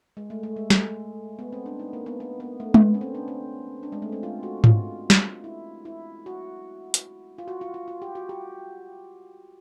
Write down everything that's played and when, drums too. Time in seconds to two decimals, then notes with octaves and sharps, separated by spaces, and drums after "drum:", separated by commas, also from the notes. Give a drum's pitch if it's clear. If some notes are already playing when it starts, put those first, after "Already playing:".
0.17 G#3
0.30 A3
0.43 A3
0.56 G#3
0.70 A3, drum: snare
1.39 B3
1.52 C4
1.66 D4
1.79 D#4
1.93 A#3
2.06 B3
2.20 B3
2.40 B3
2.60 A3
2.74 B3, drum: tom G#3
2.94 C#4
3.01 C4
3.15 D4
3.28 C4
3.83 D4
3.92 G#3
4.02 A3
4.12 C4
4.23 F4
4.43 F#4
4.64 F4, drum: tom G#2
5.10 drum: snare
5.44 E4
5.85 E4
6.26 F#4
6.94 drum: hi-hat
7.38 F4
7.48 F#4
7.61 F4
7.74 F4
7.88 F4
8.02 G4
8.15 F#4
8.29 G4